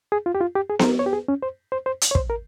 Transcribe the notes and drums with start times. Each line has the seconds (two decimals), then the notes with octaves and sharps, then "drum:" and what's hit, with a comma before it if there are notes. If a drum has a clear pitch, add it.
0.12 G#4
0.26 F4
0.35 G4
0.41 F4
0.55 G4
0.69 G#4
0.79 C5, drum: snare B3
0.84 A#4
0.99 C#5
1.06 G4
1.13 G#4
1.28 C#4
1.42 C5
1.72 C5
1.86 C5
2.01 drum: hi-hat
2.11 C#5
2.15 C5, drum: kick
2.30 A#4